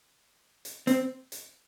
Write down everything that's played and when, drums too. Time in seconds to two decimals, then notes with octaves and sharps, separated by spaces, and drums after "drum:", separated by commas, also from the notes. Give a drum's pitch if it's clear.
0.65 drum: hi-hat
0.87 C4, drum: hi-hat
1.32 drum: hi-hat